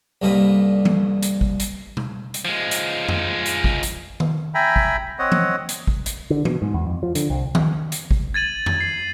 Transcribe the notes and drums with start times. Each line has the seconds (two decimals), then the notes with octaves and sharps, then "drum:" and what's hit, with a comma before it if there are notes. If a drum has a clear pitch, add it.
0.22 C2 G2 D3 A#3 D#4 B5
0.85 drum: tom E3
1.23 drum: hi-hat
1.41 drum: kick
1.60 drum: hi-hat
1.97 drum: tom B2
2.34 drum: hi-hat
2.45 F3 G#3
2.71 drum: hi-hat
3.08 drum: tom F2
3.46 drum: hi-hat
3.64 drum: kick
3.83 drum: hi-hat
4.20 drum: tom D#3
4.55 E5 G5 G#5 A#5 B5
4.76 drum: kick
5.19 C4 C#5 D#5 F#5
5.32 drum: tom E3
5.69 drum: hi-hat
5.87 drum: kick
6.06 drum: hi-hat
6.30 D3
6.45 B2, drum: tom E3
6.62 G#2
6.74 E2
6.87 F2
7.03 F3
7.15 D3, drum: hi-hat
7.30 C2
7.55 drum: tom D#3
7.92 drum: hi-hat
8.11 drum: kick
8.34 G#6 A6 D#7 F#7
8.66 drum: tom F2
8.80 C7